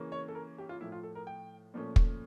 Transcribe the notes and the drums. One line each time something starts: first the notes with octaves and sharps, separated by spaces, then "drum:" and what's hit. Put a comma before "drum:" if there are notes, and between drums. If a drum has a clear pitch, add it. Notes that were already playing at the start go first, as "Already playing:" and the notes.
Already playing: C#3 E3 A#3 C#4
C#5
A4
A#4
G4
F4
A2 F3 A3 E4
F4
A4
A#4
G5
A#2 F3 A3 C#4
drum: kick